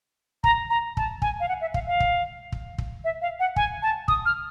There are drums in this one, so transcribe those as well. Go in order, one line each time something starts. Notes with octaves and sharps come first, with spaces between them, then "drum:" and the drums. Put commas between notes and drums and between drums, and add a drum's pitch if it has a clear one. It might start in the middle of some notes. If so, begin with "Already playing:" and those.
A#5, drum: kick
A#5
A5, drum: kick
G#5, drum: kick
F5
F#5
E5
F5, drum: kick
F5
drum: kick
drum: kick
drum: kick
E5
F5
F#5
G#5, drum: kick
A5
D#6, drum: kick
F6